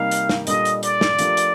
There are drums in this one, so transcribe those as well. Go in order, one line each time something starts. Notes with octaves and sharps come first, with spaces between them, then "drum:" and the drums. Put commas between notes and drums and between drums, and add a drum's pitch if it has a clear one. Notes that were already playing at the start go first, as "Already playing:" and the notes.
Already playing: C3 G3 A#3 D#4 G4 F5
drum: hi-hat
drum: snare
A#2 G3 D4 A4 D#5, drum: hi-hat
drum: hi-hat
D5, drum: hi-hat
drum: snare
F3 A3 D4 G4 A#4, drum: hi-hat
drum: hi-hat